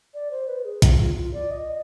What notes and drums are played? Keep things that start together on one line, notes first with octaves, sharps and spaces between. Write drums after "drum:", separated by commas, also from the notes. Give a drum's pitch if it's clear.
D5
C5
B4
G#4
F4, drum: kick A#1, hi-hat
F4
F4
D5
D#5